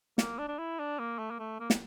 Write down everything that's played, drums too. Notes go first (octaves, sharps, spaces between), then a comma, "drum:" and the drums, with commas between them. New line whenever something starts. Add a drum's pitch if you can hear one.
A#3, drum: snare
D4
D4
E4
D4
A#3
A3
A#3
A3
A#3
drum: snare